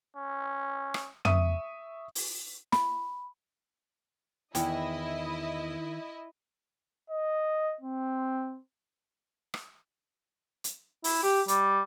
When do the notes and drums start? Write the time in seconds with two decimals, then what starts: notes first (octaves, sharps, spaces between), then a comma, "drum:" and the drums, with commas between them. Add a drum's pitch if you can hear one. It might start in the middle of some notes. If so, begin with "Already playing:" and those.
0.16 C#4
0.94 drum: rim click
1.25 E5 C#6 D#6 D#7, drum: tom
2.15 drum: open hi-hat
2.72 B5, drum: snare
4.55 E2 D#3 E4 D#5 G5, drum: hi-hat
7.10 D#5
7.81 C4
9.54 drum: rim click
10.64 drum: hi-hat
11.04 E4, drum: open hi-hat
11.23 G4
11.48 G3, drum: hi-hat